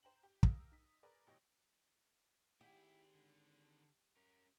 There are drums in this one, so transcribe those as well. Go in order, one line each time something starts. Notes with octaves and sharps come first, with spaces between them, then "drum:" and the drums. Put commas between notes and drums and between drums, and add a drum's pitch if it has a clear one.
C5 G5 A#5 F#7
G4 G5
G4 A#4 F5 D#6 E6, drum: kick
D#4 B6
G#4 A#4 B4 D5 G#5 A#5
A1 B2 G4 C#5 D#5 G5
D#3 E4 G4 G#4
D3
C#4 A#4